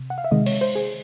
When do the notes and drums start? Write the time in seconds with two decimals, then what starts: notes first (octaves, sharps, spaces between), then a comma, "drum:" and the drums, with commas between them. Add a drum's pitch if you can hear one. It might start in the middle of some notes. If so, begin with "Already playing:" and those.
Already playing: C3
0.10 F#5
0.18 F5
0.25 E5
0.31 C3 D#3 G#3 D#5
0.46 C#5, drum: cymbal
0.61 C5
0.76 G#4